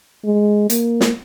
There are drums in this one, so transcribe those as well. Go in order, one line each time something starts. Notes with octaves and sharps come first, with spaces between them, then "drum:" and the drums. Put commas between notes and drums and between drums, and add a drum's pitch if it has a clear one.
G#3
A#3, drum: hi-hat
drum: snare